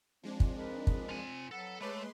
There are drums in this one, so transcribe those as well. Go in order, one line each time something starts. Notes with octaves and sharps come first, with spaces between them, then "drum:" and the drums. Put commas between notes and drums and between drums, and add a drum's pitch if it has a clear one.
F3 G#3 C4 D4
drum: kick
D#4 A#4 B4
drum: kick
C4 F4 G#5
F2 F#3 A4 B4 F#5
G#3 A3 B4 C#5 B5 C6 D6